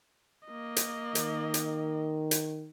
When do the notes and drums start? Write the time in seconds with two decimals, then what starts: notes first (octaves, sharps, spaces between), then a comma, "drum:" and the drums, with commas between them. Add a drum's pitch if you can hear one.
0.48 A#3 D#5
0.76 drum: hi-hat
1.15 D#3, drum: hi-hat
1.54 drum: hi-hat
2.31 drum: hi-hat